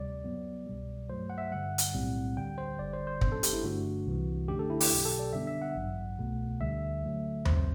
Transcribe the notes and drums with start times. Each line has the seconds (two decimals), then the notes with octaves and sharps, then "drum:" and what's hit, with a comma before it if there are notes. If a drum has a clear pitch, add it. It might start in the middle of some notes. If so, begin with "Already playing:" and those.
Already playing: D2 C3 G3 D5
0.24 F#2 F#3 B3
0.67 C2 B2 G3
1.10 G2 F#3 A3 C5
1.30 F#5
1.38 E5
1.52 G2 D3 G3 F#5
1.78 drum: hi-hat
1.94 B1 A2 G3 C4
2.37 D2 D3 G3 G5
2.58 C5
2.79 G1 F#2 D3 G3 D5
2.93 C5
3.07 C5
3.21 G1 F#2 F#3 B3 D4 C5, drum: kick
3.32 A4
3.43 G4, drum: hi-hat
3.53 E4
3.64 G2 D3 A3 D4 F#4
4.06 C2 C3 E3 G3
4.48 F#2 D3 A3 D4 G4
4.59 A4
4.70 E4
4.80 G4, drum: open hi-hat
4.91 B1 B2 F#3 G4
5.05 A4
5.19 D5
5.33 F#2 D3 G3 B3 D4 E5
5.47 E5
5.62 F#5
5.76 A1 G2 F#3
6.18 C2 B2 A3
6.61 D2 D3 G3 E5
7.03 F#2 D3 F#3 A3
7.45 A1 G2 F#3 C4 C5, drum: tom D#2